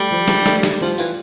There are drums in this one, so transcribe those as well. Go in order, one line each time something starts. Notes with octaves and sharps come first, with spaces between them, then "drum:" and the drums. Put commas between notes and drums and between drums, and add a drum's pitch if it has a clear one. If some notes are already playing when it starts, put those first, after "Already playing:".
Already playing: G3 A3 G4
F3
D4, drum: snare
A3, drum: snare
G4, drum: snare
F3 G3
E3 F4, drum: tambourine